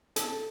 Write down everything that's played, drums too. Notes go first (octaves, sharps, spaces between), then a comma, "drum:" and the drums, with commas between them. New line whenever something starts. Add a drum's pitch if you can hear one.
A4, drum: hi-hat